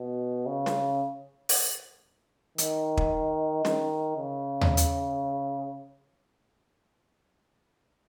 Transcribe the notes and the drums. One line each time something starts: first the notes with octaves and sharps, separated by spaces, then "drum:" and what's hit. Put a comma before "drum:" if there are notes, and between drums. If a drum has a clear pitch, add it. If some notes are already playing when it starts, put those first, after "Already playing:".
Already playing: B2
C#3
drum: snare
drum: open hi-hat
D#3, drum: hi-hat
drum: kick
D#3, drum: snare
C#3
drum: tom D#2
drum: hi-hat